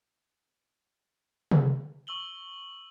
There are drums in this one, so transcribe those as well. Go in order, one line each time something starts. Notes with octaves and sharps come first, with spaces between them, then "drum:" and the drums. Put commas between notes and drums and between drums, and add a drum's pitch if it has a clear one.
drum: tom C3
C#6 E6 F#7 G7